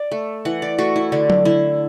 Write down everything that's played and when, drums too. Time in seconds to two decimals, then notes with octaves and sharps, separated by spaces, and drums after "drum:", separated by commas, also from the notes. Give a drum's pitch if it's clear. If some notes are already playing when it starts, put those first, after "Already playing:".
Already playing: D5
0.11 A3
0.45 E3 F#5
0.62 D5
0.78 A3 F#4
0.96 E4
1.12 D3 D4
1.30 drum: tom F#3
1.45 D3 E4